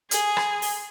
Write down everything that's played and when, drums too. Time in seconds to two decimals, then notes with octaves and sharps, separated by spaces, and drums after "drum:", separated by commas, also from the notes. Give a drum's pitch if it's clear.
0.11 G#4, drum: hi-hat
0.37 drum: rim click
0.62 drum: open hi-hat